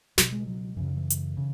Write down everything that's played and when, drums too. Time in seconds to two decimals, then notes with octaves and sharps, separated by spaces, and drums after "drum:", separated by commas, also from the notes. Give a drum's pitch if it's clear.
0.18 C#2 B2 F#3, drum: snare
0.32 G#3
0.47 F#3
0.77 F#2 C#3 E3
0.86 D#3
0.97 E3
1.10 drum: hi-hat
1.37 C#3